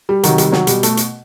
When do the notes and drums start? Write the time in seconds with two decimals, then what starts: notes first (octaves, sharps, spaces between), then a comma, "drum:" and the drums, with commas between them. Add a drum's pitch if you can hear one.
0.09 G3
0.23 C3 D#3 F#3, drum: hi-hat
0.38 G3, drum: hi-hat
0.52 F#3, drum: snare
0.67 B2 G3, drum: hi-hat
0.83 A3, drum: hi-hat
0.97 drum: hi-hat